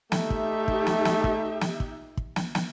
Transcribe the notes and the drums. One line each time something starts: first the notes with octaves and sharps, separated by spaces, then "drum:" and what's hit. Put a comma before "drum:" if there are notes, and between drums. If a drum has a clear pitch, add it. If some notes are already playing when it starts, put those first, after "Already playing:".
A3 D#4 G4 E5, drum: snare
drum: kick
drum: kick
drum: snare
drum: snare
drum: kick
drum: snare
drum: kick
drum: kick
drum: snare
drum: snare